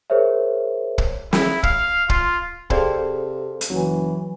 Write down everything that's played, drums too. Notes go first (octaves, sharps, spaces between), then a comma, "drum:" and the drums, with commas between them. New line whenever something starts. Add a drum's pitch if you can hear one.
G#4 A#4 C5 C#5 E5
drum: kick
E4, drum: snare
F5, drum: kick
F4, drum: kick
C3 G#4 A4 C5 D5 F5 G5, drum: kick
drum: hi-hat
F#1 E3 F#3